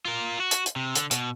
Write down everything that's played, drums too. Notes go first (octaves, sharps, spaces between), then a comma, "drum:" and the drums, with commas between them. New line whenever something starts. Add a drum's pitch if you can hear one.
F4 A#4
F#4
drum: hi-hat
drum: hi-hat
C3
D3, drum: hi-hat
B2, drum: hi-hat